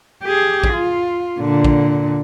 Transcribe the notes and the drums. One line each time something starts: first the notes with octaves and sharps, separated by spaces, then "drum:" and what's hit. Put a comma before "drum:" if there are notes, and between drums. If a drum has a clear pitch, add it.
G4 G#4
drum: kick
F4
A#2 D3
drum: kick